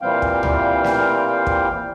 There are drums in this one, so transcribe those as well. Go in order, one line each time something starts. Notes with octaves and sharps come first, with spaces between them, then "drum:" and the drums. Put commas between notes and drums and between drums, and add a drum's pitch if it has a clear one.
A#2 E3 G3 C4 F5 G5
drum: kick
drum: tom C#2
drum: snare
drum: kick